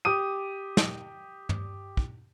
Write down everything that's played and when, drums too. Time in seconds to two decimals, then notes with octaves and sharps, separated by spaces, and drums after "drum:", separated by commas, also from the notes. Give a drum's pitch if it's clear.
0.05 G4 D6 D#6 D#7
0.77 drum: snare
1.49 drum: tom
1.97 drum: kick